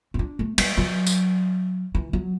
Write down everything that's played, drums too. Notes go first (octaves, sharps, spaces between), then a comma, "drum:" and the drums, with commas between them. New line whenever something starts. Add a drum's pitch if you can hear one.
C4
D4
A3
G3, drum: cymbal
F#3
drum: tambourine
E3
F#3